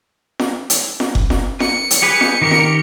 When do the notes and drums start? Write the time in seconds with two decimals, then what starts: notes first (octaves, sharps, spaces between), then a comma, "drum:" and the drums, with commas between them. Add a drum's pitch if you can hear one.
0.39 drum: snare F4
0.70 drum: hi-hat
1.00 drum: snare F4
1.15 drum: kick F#1
1.30 drum: snare F4
1.60 C#7, drum: snare F4
1.91 drum: hi-hat
2.02 G4 G#4 B4
2.21 drum: snare F4
2.41 D#3 G4 A#4 C#7
2.51 drum: snare F4